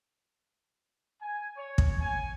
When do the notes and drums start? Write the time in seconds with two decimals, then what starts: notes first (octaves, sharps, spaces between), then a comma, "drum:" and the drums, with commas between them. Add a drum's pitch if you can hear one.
1.21 G#5
1.57 C#5
1.78 drum: kick
2.01 G#5